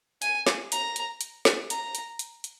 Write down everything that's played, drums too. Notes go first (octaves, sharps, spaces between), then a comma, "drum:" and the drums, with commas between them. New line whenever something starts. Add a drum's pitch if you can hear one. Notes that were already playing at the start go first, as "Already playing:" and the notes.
G#5, drum: hi-hat
drum: snare
A#5, drum: hi-hat
drum: hi-hat
drum: hi-hat
drum: snare
A#5, drum: hi-hat
drum: hi-hat
drum: hi-hat
drum: hi-hat